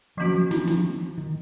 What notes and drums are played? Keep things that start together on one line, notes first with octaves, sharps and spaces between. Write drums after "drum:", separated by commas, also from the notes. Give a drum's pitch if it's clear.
D#3 F3 F#3 A#3 C#4 F#4
F3
E3, drum: snare
F3, drum: snare
D#3